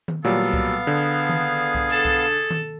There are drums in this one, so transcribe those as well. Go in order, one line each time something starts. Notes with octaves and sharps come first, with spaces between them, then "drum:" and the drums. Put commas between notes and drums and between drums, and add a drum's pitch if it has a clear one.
drum: tom D#3
A#2 F#3 G3 B3 A4 F5
drum: kick C2
D3 G#4
drum: tom D#3
drum: kick C2
A4 A5
drum: kick C2
drum: tom D#3